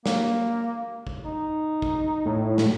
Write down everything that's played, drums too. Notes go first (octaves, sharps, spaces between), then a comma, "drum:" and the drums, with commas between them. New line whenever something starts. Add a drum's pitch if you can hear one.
A#3, drum: snare
drum: kick
D#4
drum: kick
A2
drum: snare